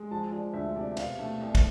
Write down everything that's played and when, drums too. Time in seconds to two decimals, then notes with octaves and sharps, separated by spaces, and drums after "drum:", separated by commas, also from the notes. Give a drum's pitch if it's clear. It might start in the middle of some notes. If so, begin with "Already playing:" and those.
Already playing: G#3
0.11 F3 A5
0.32 F3 D5
0.54 D2 E5
0.76 C3 D5
0.97 B2 F5, drum: cymbal
1.19 A3
1.40 C2
1.55 drum: kick, cymbal